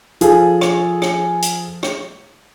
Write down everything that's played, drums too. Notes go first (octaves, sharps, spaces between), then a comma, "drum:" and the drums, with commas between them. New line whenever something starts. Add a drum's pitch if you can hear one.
F3 F4 G#4 A4, drum: hi-hat
drum: rim click
drum: rim click
drum: hi-hat
drum: rim click